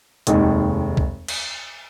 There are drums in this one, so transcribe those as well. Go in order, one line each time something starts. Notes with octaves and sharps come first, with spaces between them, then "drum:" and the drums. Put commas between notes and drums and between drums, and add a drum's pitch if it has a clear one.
F1 D#2 D#3 G#3, drum: hi-hat
drum: kick C2
drum: cymbal